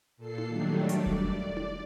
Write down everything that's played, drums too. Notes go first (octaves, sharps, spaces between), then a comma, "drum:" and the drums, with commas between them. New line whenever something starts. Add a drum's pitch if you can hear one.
A#2 A4 C7
drum: tom D#4
D#3 F#3 G3 A3 D4
D5, drum: hi-hat
drum: kick E1
drum: tom D#4